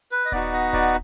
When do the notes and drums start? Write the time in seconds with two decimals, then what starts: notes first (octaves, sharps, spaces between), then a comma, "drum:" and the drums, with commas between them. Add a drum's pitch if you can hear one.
0.11 B4
0.25 D#5
0.32 B3 D#4 F#4 D5, drum: kick D#1
0.52 D#5
0.73 D5, drum: kick D#1